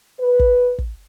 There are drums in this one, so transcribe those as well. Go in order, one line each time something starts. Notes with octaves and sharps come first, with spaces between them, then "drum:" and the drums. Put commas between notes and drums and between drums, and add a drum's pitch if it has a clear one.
B4
drum: kick
drum: kick